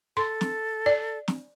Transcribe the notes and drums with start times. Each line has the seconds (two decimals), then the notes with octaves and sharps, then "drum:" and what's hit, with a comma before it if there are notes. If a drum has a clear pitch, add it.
0.17 A4 C6
0.41 drum: snare
0.86 D5
1.28 drum: snare